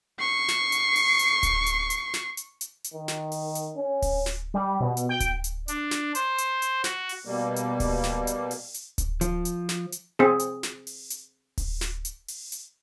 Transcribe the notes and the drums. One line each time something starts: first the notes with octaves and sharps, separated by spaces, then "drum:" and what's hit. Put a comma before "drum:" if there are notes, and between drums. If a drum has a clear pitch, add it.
C#6 C7
drum: snare
drum: hi-hat
drum: open hi-hat
drum: hi-hat
drum: kick D1, hi-hat
drum: hi-hat
drum: hi-hat
drum: snare
drum: hi-hat
drum: hi-hat
drum: hi-hat
D#3
drum: snare
drum: open hi-hat
drum: hi-hat
C#4
drum: kick D1, open hi-hat
drum: snare
G3
B2
drum: hi-hat
G5
drum: kick D1, hi-hat
drum: hi-hat
D4, drum: hi-hat
drum: snare
C5, drum: hi-hat
drum: hi-hat
drum: hi-hat
F#4, drum: snare
drum: open hi-hat
B2 G3 A#3
drum: hi-hat
drum: kick D1, open hi-hat
drum: snare
drum: hi-hat
drum: open hi-hat
drum: hi-hat
drum: kick D1, hi-hat
F3, drum: hi-hat
drum: hi-hat
drum: snare
drum: hi-hat
C4 G#4
drum: hi-hat
drum: snare
drum: open hi-hat
drum: hi-hat
drum: kick D1, open hi-hat
drum: snare
drum: hi-hat
drum: open hi-hat
drum: hi-hat